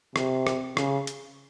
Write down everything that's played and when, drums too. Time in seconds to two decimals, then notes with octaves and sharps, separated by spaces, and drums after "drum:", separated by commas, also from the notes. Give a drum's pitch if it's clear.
0.16 C3, drum: rim click
0.47 drum: rim click
0.77 C#3, drum: rim click
1.07 drum: hi-hat